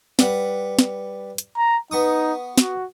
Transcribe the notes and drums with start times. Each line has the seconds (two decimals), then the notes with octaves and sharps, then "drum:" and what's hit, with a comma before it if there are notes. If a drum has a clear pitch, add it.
0.19 G3 B4 F#5, drum: snare
0.79 drum: snare
1.38 drum: hi-hat
1.57 A#5
1.91 B3 D#4 C#6 D#6
2.58 F#4, drum: snare